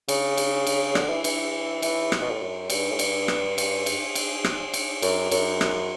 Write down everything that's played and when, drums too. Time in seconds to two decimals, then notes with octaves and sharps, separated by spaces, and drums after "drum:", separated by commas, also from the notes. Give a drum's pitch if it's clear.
0.09 C#3, drum: cymbal
0.37 drum: cymbal
0.67 drum: cymbal
0.95 D3, drum: rim click
1.10 E3
1.24 E3, drum: cymbal
1.82 E3, drum: cymbal
2.12 drum: rim click
2.21 B2
2.31 A2
2.41 F#2
2.70 G2, drum: cymbal
2.91 A2
2.99 G2, drum: cymbal
3.28 drum: rim click
3.58 G2, drum: cymbal
3.86 drum: cymbal
4.15 drum: cymbal
4.44 drum: rim click
4.74 drum: cymbal
5.02 F#2, drum: cymbal
5.31 F#2, drum: cymbal
5.61 drum: rim click